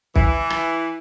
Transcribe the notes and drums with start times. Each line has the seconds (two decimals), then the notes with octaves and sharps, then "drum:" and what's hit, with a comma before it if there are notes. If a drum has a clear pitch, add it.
0.16 E3, drum: kick B1
0.50 drum: rim click